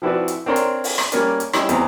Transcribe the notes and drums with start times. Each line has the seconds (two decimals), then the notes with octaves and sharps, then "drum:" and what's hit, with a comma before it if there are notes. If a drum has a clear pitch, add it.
0.02 F3 C4 E4 F#4 B4 D5
0.28 drum: hi-hat
0.46 C4 D4 A#4 C#5 A#5 C6
0.56 drum: hi-hat
0.84 drum: open hi-hat
0.98 drum: rim click
1.12 G3 A#3 C#4 A#4 D5, drum: hi-hat
1.40 drum: hi-hat
1.53 G3 C#4 D#4 E4, drum: rim click
1.69 E2 C4 C5 A#5, drum: hi-hat